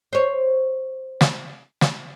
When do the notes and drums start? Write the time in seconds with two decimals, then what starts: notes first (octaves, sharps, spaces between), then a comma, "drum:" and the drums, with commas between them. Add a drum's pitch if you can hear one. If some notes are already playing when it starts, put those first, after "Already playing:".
0.13 C5 C#5
1.21 drum: snare
1.81 drum: snare